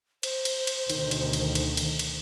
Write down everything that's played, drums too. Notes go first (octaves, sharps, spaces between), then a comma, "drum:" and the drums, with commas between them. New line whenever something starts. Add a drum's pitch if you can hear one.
C5, drum: cymbal
drum: cymbal
drum: cymbal
D2 B2 D#3, drum: cymbal
drum: cymbal
drum: cymbal
drum: cymbal
drum: cymbal
drum: cymbal